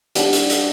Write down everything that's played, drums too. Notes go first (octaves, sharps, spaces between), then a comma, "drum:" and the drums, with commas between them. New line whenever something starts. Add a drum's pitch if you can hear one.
G3 D4 F#5, drum: hi-hat
drum: hi-hat
drum: hi-hat